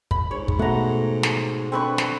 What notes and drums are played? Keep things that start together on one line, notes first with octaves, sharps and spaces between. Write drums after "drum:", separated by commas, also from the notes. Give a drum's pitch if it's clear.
B5, drum: kick
G#2 C#5
drum: kick
B2 A3 F#5 A#5
drum: snare
D3 C4 B4 C#6
drum: snare